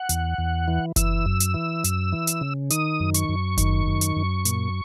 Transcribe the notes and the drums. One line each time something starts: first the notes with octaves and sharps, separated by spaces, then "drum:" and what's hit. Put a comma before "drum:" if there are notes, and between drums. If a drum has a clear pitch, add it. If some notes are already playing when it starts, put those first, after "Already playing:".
Already playing: F#5
E2, drum: hi-hat
E2
E3
E3 E6, drum: kick F#1, hi-hat
F#2
drum: hi-hat
E3
F#2, drum: hi-hat
E3
drum: hi-hat
C#3
D#3 D#6, drum: hi-hat
F#2
C#6, drum: hi-hat
F#2
D#3, drum: kick F#1, hi-hat
F#2
drum: hi-hat
F#2
A#2, drum: hi-hat